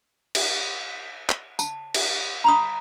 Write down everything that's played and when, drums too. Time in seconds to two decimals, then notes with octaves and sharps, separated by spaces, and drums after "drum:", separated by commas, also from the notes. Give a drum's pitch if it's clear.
0.35 drum: cymbal
1.29 drum: clap
1.59 A5, drum: tambourine
1.94 drum: cymbal
2.44 A#5 B5 D#6